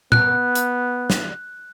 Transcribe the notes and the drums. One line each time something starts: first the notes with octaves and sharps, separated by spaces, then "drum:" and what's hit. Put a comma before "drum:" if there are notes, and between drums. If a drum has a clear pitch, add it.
B3 F#6, drum: tom A#2
drum: hi-hat
drum: snare